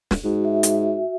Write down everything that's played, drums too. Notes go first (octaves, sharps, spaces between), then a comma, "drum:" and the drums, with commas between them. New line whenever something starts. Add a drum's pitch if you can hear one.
drum: snare
G#2 F#4
E5
drum: hi-hat